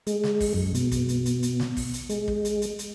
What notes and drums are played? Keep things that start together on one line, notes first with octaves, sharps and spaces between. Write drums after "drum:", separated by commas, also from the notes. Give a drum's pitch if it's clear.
G#3, drum: hi-hat
drum: snare
drum: kick, open hi-hat
F#2
B2, drum: hi-hat
drum: kick, hi-hat
drum: hi-hat
drum: hi-hat
drum: hi-hat
drum: snare
drum: kick, open hi-hat
drum: hi-hat
G#3, drum: hi-hat
drum: kick
drum: hi-hat
drum: hi-hat
drum: hi-hat